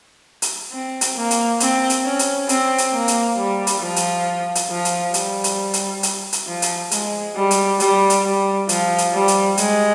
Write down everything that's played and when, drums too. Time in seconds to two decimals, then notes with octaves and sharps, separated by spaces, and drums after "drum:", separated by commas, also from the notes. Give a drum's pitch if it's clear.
0.42 drum: hi-hat
0.72 C4
1.01 drum: hi-hat
1.16 A#3
1.31 drum: hi-hat
1.60 C4, drum: hi-hat
1.90 drum: hi-hat
2.05 C#4
2.19 drum: hi-hat
2.49 C4, drum: hi-hat
2.78 drum: hi-hat
2.93 A#3
3.08 drum: hi-hat
3.37 G3
3.67 drum: hi-hat
3.81 F3
3.96 drum: hi-hat
4.55 drum: hi-hat
4.70 F3
4.85 drum: hi-hat
5.14 G3, drum: hi-hat
5.44 drum: hi-hat
5.73 drum: hi-hat
6.03 drum: hi-hat
6.33 drum: hi-hat
6.47 F3
6.62 drum: hi-hat
6.91 G#3, drum: hi-hat
7.36 G3
7.51 drum: hi-hat
7.80 G3, drum: hi-hat
8.10 drum: hi-hat
8.24 G3
8.69 F3, drum: hi-hat
8.98 drum: hi-hat
9.13 G3
9.28 drum: hi-hat
9.57 G#3, drum: hi-hat